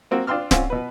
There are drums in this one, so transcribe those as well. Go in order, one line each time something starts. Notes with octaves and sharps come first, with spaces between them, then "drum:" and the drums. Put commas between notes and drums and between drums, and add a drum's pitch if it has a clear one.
A#3 C4 F#4
D4 F4 G5 C6 E6 F6
D3 C4 C#4 F4, drum: snare D1
B2 B4